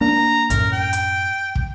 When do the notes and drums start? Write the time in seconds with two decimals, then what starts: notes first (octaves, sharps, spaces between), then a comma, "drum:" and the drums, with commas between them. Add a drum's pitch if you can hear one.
0.01 A#3 D4 A#5
0.50 F#2 A2 A#4, drum: kick, hi-hat
0.72 G5
0.93 drum: hi-hat
1.55 drum: kick